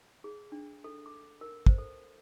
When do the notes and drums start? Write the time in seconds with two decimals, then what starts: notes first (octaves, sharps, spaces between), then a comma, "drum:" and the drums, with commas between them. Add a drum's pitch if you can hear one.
0.24 G#4
0.52 D4
0.84 A4
1.06 D6
1.41 A#4
1.66 C5, drum: kick
1.78 A4